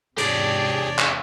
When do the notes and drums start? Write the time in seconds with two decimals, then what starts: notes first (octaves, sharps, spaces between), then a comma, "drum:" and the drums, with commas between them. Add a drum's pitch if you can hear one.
0.18 E2 G#2 C3 D4 G4 G#4 C#5 D5, drum: cymbal
0.99 drum: clap